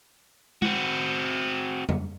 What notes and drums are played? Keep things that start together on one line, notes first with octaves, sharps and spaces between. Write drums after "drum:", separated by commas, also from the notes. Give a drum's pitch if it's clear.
C4 F#4, drum: tom G#3
drum: tom